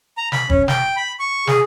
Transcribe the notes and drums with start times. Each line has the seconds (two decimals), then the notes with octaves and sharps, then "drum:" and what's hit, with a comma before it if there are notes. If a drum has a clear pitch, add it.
0.17 A#5
0.32 B5, drum: snare
0.50 C#4, drum: kick
0.68 G5, drum: snare
0.96 B5
1.20 C#6
1.47 G#4, drum: snare